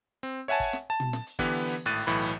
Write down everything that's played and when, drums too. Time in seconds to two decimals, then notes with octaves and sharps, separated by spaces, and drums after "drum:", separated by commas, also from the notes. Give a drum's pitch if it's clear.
0.23 C4
0.48 C#5 E5 F#5 G#5 A5, drum: open hi-hat
0.60 drum: kick, hi-hat
0.73 drum: snare
0.90 A5
1.00 drum: tom
1.13 drum: snare
1.27 drum: hi-hat
1.39 D3 E3 B3 G4 B4 F#6, drum: kick, hi-hat
1.53 drum: hi-hat
1.67 drum: open hi-hat
1.85 G#1 A2 F#6 A6 D#7
2.07 B1 A2 E3 B5, drum: hi-hat
2.20 drum: hi-hat